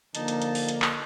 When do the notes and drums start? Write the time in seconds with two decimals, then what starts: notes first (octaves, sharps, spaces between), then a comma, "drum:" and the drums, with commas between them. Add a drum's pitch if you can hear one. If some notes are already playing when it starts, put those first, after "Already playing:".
0.15 D3 F3 A#3 D#4 A5, drum: hi-hat
0.28 drum: hi-hat
0.42 drum: hi-hat
0.55 drum: open hi-hat
0.69 drum: hi-hat
0.82 drum: clap